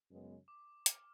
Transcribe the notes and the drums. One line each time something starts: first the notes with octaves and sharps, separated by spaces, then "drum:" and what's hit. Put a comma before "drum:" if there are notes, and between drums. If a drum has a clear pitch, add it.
F#2 C#3 G#3 B3
D6
F6, drum: hi-hat